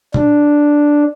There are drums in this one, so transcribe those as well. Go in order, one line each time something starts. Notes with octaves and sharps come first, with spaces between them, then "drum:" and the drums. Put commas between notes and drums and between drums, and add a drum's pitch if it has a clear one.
D4, drum: tom A#2